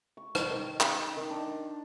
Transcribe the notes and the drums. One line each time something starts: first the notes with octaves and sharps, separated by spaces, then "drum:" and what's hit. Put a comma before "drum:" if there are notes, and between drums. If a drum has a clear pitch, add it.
C#6
drum: rim click
D#3
drum: clap
D#3
D4